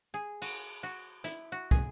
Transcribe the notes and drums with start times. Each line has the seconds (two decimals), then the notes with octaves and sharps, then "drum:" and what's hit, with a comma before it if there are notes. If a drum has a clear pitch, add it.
0.14 G#4
0.42 F#4, drum: cymbal
0.83 F#4
1.24 E4, drum: hi-hat
1.52 F#4
1.71 G#4, drum: kick